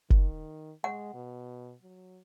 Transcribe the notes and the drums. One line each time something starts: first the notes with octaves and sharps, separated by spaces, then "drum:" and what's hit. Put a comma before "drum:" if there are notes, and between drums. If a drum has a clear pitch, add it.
D#3, drum: kick F#1
G#3 F#5
B2
F#3